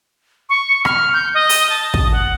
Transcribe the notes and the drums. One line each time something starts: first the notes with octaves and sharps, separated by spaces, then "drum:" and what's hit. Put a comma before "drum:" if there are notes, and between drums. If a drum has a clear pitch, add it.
C#6
F6, drum: rim click
G6
D#5
drum: open hi-hat
A5
D#6, drum: kick
F#5